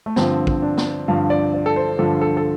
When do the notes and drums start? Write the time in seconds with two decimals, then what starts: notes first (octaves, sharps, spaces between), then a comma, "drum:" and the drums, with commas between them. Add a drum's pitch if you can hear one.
0.06 A3
0.16 G2 D3 F3 C4, drum: snare
0.47 drum: kick
0.62 D4
0.77 drum: snare
1.08 G2 D3 F3 F5
1.30 D5
1.54 D5
1.66 A4
1.76 C5
1.99 G2 D3 F3 A4
2.21 A4
2.37 A4